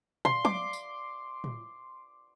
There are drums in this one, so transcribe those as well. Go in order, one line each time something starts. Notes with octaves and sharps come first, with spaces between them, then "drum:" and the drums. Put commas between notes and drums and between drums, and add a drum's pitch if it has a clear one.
C6, drum: tom
D6, drum: tom
drum: tambourine
drum: tom A2